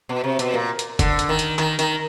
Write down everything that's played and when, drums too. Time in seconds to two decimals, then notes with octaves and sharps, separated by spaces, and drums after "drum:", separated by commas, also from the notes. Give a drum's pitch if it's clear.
0.09 B2
0.24 C3
0.39 B2, drum: hi-hat
0.54 A#2
0.79 drum: hi-hat
0.99 D3, drum: kick, hi-hat
1.19 drum: hi-hat
1.29 D#3
1.39 drum: hi-hat
1.59 D#3, drum: clap
1.79 D#3, drum: hi-hat